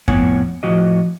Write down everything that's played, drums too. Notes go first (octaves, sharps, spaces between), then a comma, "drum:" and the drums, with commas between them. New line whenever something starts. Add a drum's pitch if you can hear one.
F2 A2 B3 C#5 F#5 G#5, drum: kick F#2
A2 F3 F#4 D#5